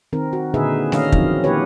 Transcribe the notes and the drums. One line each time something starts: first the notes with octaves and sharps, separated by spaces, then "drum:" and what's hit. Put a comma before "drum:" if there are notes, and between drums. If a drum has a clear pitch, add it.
D#3 C4 A#4
F#4
A#2 D3 D#4 G#4 B4 E5
D#3 C#4 D4 D#5 F5, drum: snare
D#3 F3 F#3 C4, drum: kick
A#3 E4 F#4 G4 B4 C#5